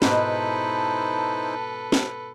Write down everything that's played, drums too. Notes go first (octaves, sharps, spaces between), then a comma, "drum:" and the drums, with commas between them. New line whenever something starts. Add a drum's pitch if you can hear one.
G#2 B2 D#4 E4 A4 B4 C5 A5, drum: snare
drum: snare